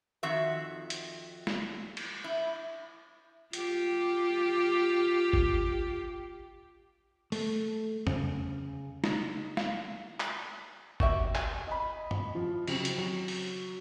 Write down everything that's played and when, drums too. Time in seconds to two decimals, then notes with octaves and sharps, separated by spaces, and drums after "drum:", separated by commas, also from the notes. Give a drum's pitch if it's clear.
0.23 F2 D#3 F#4 E5
0.90 drum: hi-hat
1.47 drum: snare
1.97 drum: cymbal
2.24 E4
3.53 F4 G4, drum: hi-hat
5.33 drum: kick G1
7.32 A3, drum: open hi-hat
8.07 C#3, drum: tom
9.04 D#4, drum: snare
9.57 F5, drum: snare
10.20 drum: clap
11.00 F#4 G4 E5, drum: kick G1
11.35 G#5, drum: clap
11.67 D#5 B5
12.11 drum: tom
12.35 F3
12.68 C#3 F#3 C4, drum: cymbal
12.85 drum: hi-hat
12.98 F#3
13.28 drum: open hi-hat